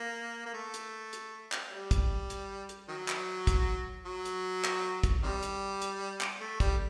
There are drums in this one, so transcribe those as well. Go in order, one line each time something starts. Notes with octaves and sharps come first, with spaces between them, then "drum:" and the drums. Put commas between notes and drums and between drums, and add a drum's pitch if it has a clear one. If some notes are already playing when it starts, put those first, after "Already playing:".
Already playing: A#3
A#3
A3
drum: hi-hat
drum: hi-hat
drum: clap
G3
drum: kick, hi-hat
drum: hi-hat
drum: hi-hat
D#3 F#3
drum: clap
drum: kick, hi-hat
F#3
drum: hi-hat
drum: clap
drum: kick, hi-hat
C3 D#3 G3
drum: hi-hat
drum: hi-hat
drum: clap
A3
G3, drum: kick, hi-hat